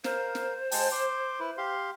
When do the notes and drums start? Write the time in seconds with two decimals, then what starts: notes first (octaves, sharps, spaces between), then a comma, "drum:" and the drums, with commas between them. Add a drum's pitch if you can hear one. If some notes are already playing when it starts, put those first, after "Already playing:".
0.04 A#4 C5 F5, drum: snare
0.35 drum: snare
0.71 G#3 G5 A5, drum: open hi-hat
0.92 C6 D6
1.40 E4 B4
1.58 G4 F5 C6